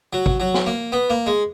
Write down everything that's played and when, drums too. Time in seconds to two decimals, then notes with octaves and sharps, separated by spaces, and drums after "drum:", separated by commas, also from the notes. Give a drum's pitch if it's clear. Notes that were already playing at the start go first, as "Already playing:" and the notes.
0.13 F#3
0.26 drum: kick G#1
0.40 F#3
0.54 drum: snare
0.66 A#3
0.92 B3
1.10 A#3
1.26 G#3